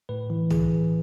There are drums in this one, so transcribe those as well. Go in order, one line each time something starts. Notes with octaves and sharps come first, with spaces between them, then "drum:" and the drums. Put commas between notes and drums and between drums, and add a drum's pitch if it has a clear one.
A2 B4
E3
E3 G#4, drum: tom